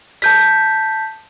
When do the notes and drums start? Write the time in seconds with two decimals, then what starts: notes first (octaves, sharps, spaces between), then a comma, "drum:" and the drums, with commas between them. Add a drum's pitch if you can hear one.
0.22 A5 G6 B6, drum: open hi-hat